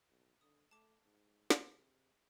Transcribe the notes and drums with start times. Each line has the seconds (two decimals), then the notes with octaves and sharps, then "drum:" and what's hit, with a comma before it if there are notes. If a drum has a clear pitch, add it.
0.10 B1
0.41 D3 D#6
0.71 A3 A5 D6
1.03 G#2
1.50 C3 G#4, drum: snare